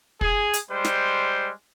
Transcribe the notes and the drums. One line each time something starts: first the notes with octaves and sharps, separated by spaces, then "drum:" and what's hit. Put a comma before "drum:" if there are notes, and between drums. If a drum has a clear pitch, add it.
G#4, drum: kick
drum: hi-hat
G3 G#3 C5
drum: snare